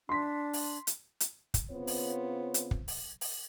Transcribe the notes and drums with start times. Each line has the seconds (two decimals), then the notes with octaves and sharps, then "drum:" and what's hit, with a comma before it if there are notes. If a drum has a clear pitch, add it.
0.09 D4 C6 B6
0.53 drum: open hi-hat
0.87 drum: hi-hat
1.20 drum: hi-hat
1.54 drum: kick, hi-hat
1.71 C#3 B3 C4 F4 C5 C#5
1.87 drum: open hi-hat
2.54 drum: hi-hat
2.71 drum: kick
2.88 drum: open hi-hat
3.21 drum: open hi-hat